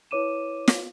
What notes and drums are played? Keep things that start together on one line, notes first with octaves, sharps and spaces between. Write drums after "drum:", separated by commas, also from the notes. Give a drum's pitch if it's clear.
E4 B4 C#5 D6 D#7 E7
drum: snare